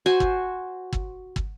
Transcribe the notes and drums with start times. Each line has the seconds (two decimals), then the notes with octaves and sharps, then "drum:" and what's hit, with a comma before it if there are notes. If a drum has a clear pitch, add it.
0.06 F#4 C5 G#5
0.20 drum: kick
0.93 drum: kick
1.36 drum: kick